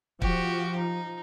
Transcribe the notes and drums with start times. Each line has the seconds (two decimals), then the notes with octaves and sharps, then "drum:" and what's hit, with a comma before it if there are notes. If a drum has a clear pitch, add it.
0.22 F3 F#4 G4, drum: kick
0.77 D#4